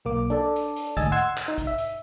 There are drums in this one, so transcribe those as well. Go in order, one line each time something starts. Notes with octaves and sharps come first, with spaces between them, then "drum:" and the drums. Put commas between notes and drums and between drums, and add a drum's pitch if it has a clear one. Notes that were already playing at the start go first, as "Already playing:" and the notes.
B1 A#3 D6
D4 A4 D5
drum: hi-hat
drum: hi-hat
D2 G#2 D#5 G#5 E6 A6, drum: kick, hi-hat
F#5 C6 E6 G#6
drum: clap
D#4
drum: kick, hi-hat
E5
drum: hi-hat